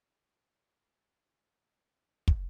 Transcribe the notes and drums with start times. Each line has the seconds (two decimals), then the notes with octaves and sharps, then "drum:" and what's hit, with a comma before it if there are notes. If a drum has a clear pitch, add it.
0.16 D#5
1.04 D#2
1.37 C3
2.28 drum: kick